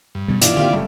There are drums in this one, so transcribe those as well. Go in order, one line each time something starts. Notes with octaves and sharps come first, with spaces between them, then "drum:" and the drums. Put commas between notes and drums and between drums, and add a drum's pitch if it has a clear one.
G2
B2 G3
A#2 E3 E4 F4 D5, drum: hi-hat
A#2 D3 D#3 A#3 C4 G4 F5
F#1 G#2 C#3 A3